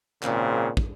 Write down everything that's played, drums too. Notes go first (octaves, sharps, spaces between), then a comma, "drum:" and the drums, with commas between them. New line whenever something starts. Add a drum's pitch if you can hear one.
G#1 A#2 C#3 C4, drum: clap
drum: kick